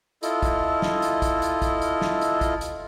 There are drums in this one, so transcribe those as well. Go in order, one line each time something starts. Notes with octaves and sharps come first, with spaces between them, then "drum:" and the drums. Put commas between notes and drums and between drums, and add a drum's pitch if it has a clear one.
E4 F4 A4 D#5, drum: hi-hat
drum: kick, hi-hat
drum: snare
drum: hi-hat
drum: kick, hi-hat
drum: hi-hat
drum: kick, hi-hat
drum: hi-hat
drum: snare
drum: hi-hat
drum: kick, hi-hat
drum: hi-hat